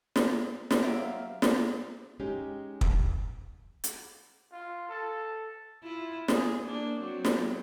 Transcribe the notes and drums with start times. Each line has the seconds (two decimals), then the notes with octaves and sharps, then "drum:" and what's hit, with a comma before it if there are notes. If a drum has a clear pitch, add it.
0.16 drum: snare
0.71 drum: snare
0.83 F#3 A#3 E5 F5
1.42 drum: snare
2.20 G#3 C#4 D#4 G4
2.81 drum: kick
3.84 drum: hi-hat
4.52 F4
4.89 A4
5.83 E4 F4
6.28 G#4, drum: snare
6.62 A#3 D4
7.00 F#3 C4
7.25 drum: snare